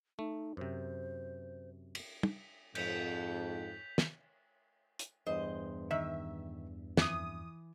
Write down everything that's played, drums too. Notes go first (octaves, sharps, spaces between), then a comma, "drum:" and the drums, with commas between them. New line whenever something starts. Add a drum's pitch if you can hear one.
A3 D#4
F#2 C3 C5
drum: cymbal
drum: tom
F2 G#2 G6 B6 F7, drum: cymbal
drum: snare
drum: hi-hat
E2 G2 C5 D#5
D#3 E5
F2 E3 D#6, drum: snare